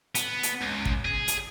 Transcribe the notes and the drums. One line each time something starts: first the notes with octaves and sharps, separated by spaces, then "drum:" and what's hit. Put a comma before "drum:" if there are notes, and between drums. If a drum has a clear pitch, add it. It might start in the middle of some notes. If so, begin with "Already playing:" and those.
B3, drum: hi-hat
drum: hi-hat
C#2
drum: kick
G#4
drum: hi-hat